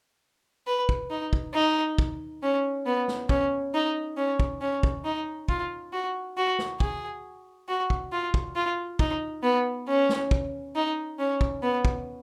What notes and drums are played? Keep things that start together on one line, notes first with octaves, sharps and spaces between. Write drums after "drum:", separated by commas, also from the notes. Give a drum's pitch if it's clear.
B4
drum: kick
D#4
drum: kick
D#4
drum: kick
C#4
B3
drum: snare
C#4, drum: kick
D#4
C#4
drum: kick
C#4
drum: kick
D#4
F4, drum: kick
F#4
F#4
drum: snare
G#4, drum: kick
F#4
drum: kick
F4
drum: kick
F4
D#4, drum: kick
B3
C#4
drum: snare
drum: kick
D#4
C#4
drum: kick
B3
drum: kick